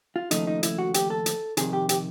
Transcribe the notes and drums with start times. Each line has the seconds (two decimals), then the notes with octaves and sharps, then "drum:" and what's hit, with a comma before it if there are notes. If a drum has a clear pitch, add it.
0.16 F4
0.31 D#2 C#3 F3 A3 D#4, drum: hi-hat
0.47 D#4
0.63 E4, drum: hi-hat
0.78 F#4
0.94 G4, drum: hi-hat
1.10 A4
1.26 drum: hi-hat
1.57 F2 C3 D#3 G#4, drum: hi-hat
1.73 G4
1.89 G4, drum: hi-hat